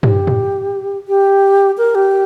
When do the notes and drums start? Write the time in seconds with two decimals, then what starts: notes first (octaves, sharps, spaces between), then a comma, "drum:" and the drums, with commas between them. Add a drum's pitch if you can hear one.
0.03 G4, drum: tom
0.27 drum: tom
1.08 G4
1.78 A#4
1.95 G4